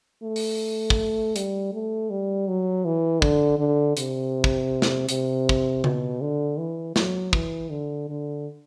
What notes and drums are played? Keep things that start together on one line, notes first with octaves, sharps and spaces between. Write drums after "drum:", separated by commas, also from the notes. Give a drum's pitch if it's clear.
A3
drum: open hi-hat
drum: kick
G3, drum: hi-hat
A3
G3
F#3
E3
D3, drum: kick
D3
C3, drum: hi-hat
drum: kick
drum: snare
C3, drum: hi-hat
drum: kick
B2, drum: tom C#3
D3
E3
F#3, drum: snare
E3, drum: kick
D3
D3